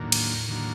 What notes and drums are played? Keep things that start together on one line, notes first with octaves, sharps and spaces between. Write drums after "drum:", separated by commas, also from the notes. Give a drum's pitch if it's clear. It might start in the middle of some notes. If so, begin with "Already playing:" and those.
Already playing: D#2 A2 D3 F#3 A#3
drum: cymbal
D#2 D3 F#3 A#3